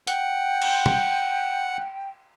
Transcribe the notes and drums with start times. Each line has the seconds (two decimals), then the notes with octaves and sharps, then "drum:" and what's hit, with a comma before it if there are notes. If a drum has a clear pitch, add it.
0.07 F#5 G5, drum: hi-hat
0.62 drum: cymbal
0.86 drum: tom